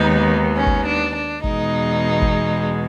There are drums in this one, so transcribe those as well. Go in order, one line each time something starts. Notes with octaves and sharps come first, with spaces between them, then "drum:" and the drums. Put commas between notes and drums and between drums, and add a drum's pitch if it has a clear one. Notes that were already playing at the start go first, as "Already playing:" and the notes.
Already playing: D#2 D#3 G#3 B3 D#4
C#4
drum: kick G#1
D4
D4
E2 B2 G#3 D#4, drum: kick G#1
drum: kick G#1